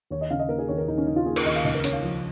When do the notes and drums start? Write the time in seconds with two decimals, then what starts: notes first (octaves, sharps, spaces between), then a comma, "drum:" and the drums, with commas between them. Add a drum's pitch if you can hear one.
0.10 D#2 C#5
0.21 D#5
0.30 C#3 F5
0.39 D#5
0.49 A#3 A#4
0.58 G#4
0.69 D#2 C#5
0.78 A#4
0.88 D#2 D#4
0.98 C#4
1.06 C#3 D#4
1.16 F4
1.26 A#3 G#4
1.36 A#4, drum: cymbal
1.46 D#2 D#5
1.56 F5
1.65 C#2 D#5
1.75 A#4
1.84 C#3 C#5, drum: hi-hat
1.93 F5
2.03 F3